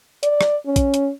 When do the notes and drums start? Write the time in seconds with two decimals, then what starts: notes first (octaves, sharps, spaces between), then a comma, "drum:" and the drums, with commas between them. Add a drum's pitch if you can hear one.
0.23 D5, drum: hi-hat
0.41 drum: rim click
0.66 C#4
0.76 drum: kick, hi-hat
0.94 drum: hi-hat